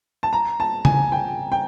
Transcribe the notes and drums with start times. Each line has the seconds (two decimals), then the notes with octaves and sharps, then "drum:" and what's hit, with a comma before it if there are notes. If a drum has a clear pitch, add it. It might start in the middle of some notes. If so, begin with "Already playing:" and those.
0.23 A5
0.33 A#5
0.60 A5
0.85 G#5, drum: tom C#3
1.12 G5
1.52 G5